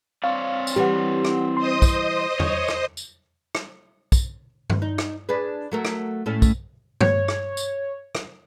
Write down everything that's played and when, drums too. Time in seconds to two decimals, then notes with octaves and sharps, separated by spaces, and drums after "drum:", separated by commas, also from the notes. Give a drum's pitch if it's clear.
0.24 C4 C#5 D5 F5
0.67 drum: tambourine
0.76 E3 G3 G4 F#5
1.25 drum: rim click
1.57 C5 D#5 C6 D#6
1.82 drum: kick, tambourine
2.40 C#5, drum: tom E2
2.68 drum: rim click
2.97 drum: tambourine
3.55 drum: rim click
4.12 drum: kick, tambourine
4.70 drum: tom G2
4.82 D#4
4.98 drum: rim click
5.29 D4 G#4 B4
5.72 F#3 A3 A#4
5.85 drum: rim click
6.26 A2 A3 C#4
6.42 drum: kick, tambourine
7.01 C#5, drum: tom G2
7.28 drum: rim click
7.57 drum: tambourine
8.15 drum: rim click